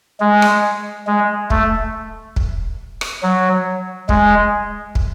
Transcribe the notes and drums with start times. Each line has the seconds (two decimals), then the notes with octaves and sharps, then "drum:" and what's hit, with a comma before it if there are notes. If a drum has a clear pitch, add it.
0.20 G#3
0.42 drum: rim click
1.07 G#3
1.50 A3, drum: kick
2.36 drum: kick
3.01 drum: rim click
3.23 F#3
4.09 G#3, drum: kick
4.95 drum: kick